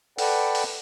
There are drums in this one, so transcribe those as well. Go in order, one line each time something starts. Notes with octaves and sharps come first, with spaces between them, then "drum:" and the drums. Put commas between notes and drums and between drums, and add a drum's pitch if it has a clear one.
A4 B4 D5 F#5 G5, drum: open hi-hat
drum: open hi-hat